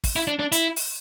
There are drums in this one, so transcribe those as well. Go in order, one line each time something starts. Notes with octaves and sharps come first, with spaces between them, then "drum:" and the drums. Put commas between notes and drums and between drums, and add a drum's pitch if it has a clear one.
drum: kick, open hi-hat
E4
D4
D4
E4, drum: hi-hat
drum: open hi-hat